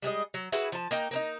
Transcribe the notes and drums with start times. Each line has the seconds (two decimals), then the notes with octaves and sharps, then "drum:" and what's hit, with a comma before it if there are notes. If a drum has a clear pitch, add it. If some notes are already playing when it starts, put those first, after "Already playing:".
0.02 G3 G#3 G#4 D#5
0.34 F#3
0.52 E4 F#4 G#4 B4, drum: hi-hat
0.72 F3 A5
0.91 A#3 D#4 G5, drum: hi-hat
1.11 A#3 C4 D#4